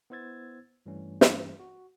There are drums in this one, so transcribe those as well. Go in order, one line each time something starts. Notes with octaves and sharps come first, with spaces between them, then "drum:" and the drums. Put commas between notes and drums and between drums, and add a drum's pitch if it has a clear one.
B3 E4 C5 E6 G#6 A6
G2 E3 G3 A3 C#4
drum: snare
F#4